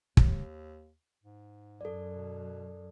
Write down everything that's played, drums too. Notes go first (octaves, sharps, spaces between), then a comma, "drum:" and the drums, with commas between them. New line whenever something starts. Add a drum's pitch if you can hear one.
D#2, drum: kick
G#2
F#2 A4 D5
B2